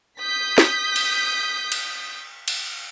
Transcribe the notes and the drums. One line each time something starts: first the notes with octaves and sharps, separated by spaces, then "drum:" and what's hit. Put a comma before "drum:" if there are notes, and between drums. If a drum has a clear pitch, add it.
D#6 G6 B6
drum: snare
drum: cymbal
drum: cymbal
drum: cymbal